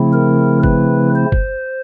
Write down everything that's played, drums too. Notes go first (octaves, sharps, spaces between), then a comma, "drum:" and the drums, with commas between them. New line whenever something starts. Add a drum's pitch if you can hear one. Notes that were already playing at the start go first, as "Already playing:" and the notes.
Already playing: C#3 F3 A3 C4 E4
A#4
B4, drum: kick G1
C5
drum: kick G1